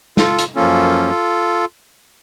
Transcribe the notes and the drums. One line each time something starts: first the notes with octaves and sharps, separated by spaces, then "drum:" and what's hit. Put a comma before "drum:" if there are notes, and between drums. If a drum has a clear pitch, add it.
F4 A4, drum: snare
drum: hi-hat
F#2 F3 A#3 C#4 F4 A4